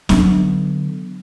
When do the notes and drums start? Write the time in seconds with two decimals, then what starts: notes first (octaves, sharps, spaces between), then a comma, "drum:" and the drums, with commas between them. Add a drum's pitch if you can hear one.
0.09 D3 F#3 B3 D4, drum: snare